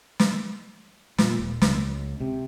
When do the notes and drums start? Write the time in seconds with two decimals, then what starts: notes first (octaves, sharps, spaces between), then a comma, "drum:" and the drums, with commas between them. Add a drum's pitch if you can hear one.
0.19 drum: snare
1.18 A#2, drum: snare
1.39 D#1
1.62 C#2, drum: snare
2.20 C3